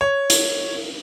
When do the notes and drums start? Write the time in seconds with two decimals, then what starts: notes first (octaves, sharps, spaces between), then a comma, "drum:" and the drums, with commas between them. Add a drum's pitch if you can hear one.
0.01 C#5
0.30 drum: hi-hat